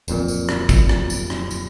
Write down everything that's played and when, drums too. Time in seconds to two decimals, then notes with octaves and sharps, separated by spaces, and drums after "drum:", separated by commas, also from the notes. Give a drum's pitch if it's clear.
0.08 D1 F2 A#2, drum: tambourine
0.28 drum: tambourine
0.49 drum: rim click
0.69 drum: kick, tambourine
0.89 drum: rim click
1.10 drum: tambourine
1.30 drum: rim click
1.51 drum: tambourine